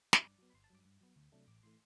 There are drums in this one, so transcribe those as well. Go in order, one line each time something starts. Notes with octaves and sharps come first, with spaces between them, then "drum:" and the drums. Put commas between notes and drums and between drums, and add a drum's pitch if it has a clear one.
drum: snare
G2 D5
F#3 B3
B5
G1 C6
A5
G2 F#3 D6
G2
F#3 B3
D2
C3 F#3 A3 D4
A1 D6
A2 E3 A3 C6